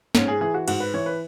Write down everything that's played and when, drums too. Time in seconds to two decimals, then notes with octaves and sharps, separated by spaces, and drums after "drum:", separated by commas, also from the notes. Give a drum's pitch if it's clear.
0.15 G#2 C#4, drum: snare
0.28 G#4
0.41 E3 G#4
0.54 F#4
0.68 G#2 F#4, drum: cymbal
0.80 B4
0.94 E3 C#5
1.06 B4